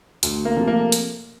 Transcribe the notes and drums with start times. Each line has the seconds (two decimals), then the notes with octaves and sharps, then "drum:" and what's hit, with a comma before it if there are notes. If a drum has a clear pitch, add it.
0.23 D2, drum: hi-hat
0.45 A#3
0.57 C3 F3 A3
0.68 A#3
0.92 drum: hi-hat